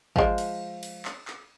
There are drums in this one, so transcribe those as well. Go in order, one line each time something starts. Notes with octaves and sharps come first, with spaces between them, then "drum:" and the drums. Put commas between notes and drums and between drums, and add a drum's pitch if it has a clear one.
F3 G#3, drum: kick
drum: cymbal
drum: cymbal
drum: clap
drum: clap